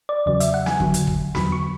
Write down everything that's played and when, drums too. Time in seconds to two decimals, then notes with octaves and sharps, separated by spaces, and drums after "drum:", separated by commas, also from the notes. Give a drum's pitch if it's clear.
0.09 D5
0.26 E2 C#3 F#3 D5
0.40 E5, drum: hi-hat
0.54 F#5
0.66 G#5, drum: snare
0.80 E2 D3 F#3, drum: kick
0.94 drum: hi-hat
1.07 drum: kick
1.35 E2 D3 F#3 B5, drum: snare
1.52 C#6